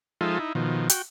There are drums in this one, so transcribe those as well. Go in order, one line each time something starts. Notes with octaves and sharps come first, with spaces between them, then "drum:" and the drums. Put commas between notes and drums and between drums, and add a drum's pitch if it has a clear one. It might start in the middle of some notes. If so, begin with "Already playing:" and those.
F3 G#3 D#4 F4 A4 E5
D#4 E4
B2 D#3 F3
F#4 G5, drum: hi-hat